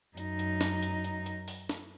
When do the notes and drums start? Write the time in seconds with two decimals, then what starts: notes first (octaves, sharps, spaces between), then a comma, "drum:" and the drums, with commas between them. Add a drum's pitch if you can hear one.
0.17 F#2 D#4, drum: hi-hat
0.39 drum: hi-hat
0.61 drum: snare
0.82 drum: hi-hat
1.04 drum: hi-hat
1.26 drum: hi-hat
1.48 drum: open hi-hat
1.69 drum: snare